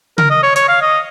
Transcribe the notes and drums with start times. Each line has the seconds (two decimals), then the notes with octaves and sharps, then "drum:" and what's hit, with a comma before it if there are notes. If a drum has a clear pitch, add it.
0.18 A#4, drum: tom C#3
0.30 D#5
0.43 C#5
0.56 C#5, drum: hi-hat
0.69 F5
0.82 D#5